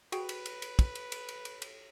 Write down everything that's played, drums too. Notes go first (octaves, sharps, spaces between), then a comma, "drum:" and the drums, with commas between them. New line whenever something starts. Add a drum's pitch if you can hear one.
F#4 G#4 B4 G5, drum: cymbal
drum: cymbal
drum: cymbal
drum: cymbal
drum: kick, cymbal
drum: cymbal
drum: cymbal
drum: cymbal
drum: cymbal
drum: cymbal